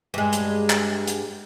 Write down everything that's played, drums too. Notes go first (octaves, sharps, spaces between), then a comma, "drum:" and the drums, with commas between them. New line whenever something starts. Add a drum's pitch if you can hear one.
G2 G#3
drum: hi-hat
drum: clap
drum: hi-hat